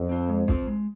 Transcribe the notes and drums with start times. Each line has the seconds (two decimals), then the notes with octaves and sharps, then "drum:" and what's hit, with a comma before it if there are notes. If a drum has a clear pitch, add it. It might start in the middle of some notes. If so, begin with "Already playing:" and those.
Already playing: F2
0.09 C4 F4 C5
0.29 G#3
0.48 C4 F4 C5, drum: kick B1
0.67 G#3